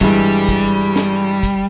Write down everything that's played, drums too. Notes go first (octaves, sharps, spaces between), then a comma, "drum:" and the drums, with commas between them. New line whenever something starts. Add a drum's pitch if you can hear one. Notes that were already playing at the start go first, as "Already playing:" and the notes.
G2 E3 G3 G#3, drum: kick, hi-hat
drum: kick, hi-hat
drum: snare
drum: kick, hi-hat